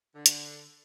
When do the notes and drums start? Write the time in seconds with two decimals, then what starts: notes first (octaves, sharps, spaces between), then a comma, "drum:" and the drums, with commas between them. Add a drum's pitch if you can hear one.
0.15 D3
0.26 drum: hi-hat